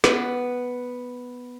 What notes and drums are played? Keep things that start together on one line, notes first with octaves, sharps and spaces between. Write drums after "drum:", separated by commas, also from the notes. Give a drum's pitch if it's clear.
B3, drum: snare